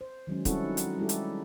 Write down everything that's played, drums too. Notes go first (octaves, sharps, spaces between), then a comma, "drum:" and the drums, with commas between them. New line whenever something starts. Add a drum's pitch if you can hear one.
C5
D#3 F#3 G#3 C#4
G3 C4 C#4 E4 F#4 A4, drum: kick, hi-hat
D#4
drum: hi-hat
G3 G#3 E4 G4 A4
drum: hi-hat